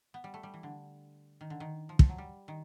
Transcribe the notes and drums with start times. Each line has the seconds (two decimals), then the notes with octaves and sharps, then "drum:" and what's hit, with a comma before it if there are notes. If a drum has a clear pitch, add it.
0.14 B3
0.24 G3
0.34 A3
0.43 G3
0.54 E3
0.63 D3
1.41 D#3
1.50 D3
1.60 D#3
1.89 F3
1.99 F3, drum: kick
2.09 F#3
2.18 G3
2.48 D#3